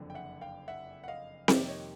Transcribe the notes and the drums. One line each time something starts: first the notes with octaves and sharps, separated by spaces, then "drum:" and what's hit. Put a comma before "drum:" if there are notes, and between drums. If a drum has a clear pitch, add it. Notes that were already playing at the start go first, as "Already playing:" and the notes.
Already playing: F#1 F2 D3
G5
E5 F#5
F5 G5
E5 F#5
F#5
D#5 F5
F2 C3 D#3 G3 A#3 D5 E5, drum: snare C4
C#5 D#5